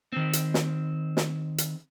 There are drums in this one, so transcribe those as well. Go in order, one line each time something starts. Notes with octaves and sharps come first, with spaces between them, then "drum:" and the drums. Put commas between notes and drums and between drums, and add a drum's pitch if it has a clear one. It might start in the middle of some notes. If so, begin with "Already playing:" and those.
D#3 C4
drum: hi-hat
drum: snare
drum: snare
drum: hi-hat